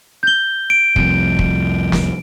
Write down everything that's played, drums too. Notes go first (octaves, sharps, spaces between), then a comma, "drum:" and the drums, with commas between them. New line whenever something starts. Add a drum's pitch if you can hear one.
G6 G7
D7
C2 F2, drum: kick
drum: kick
drum: snare